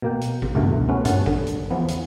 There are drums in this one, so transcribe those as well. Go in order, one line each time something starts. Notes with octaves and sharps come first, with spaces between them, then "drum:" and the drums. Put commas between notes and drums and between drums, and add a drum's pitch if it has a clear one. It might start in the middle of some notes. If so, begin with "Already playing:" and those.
B2 A#3 G5
drum: hi-hat
drum: kick G#1
C#2 G2 B2 E3 A3
A3 B3 C#4 B4
G2 A#2 C#4 F#5 A5, drum: hi-hat
D3, drum: kick G#1
drum: hi-hat
E2 E3 F3 B3
drum: hi-hat